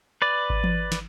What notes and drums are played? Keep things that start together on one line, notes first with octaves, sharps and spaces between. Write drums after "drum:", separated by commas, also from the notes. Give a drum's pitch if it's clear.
B4 D5
drum: kick G#1
drum: tom E3
drum: snare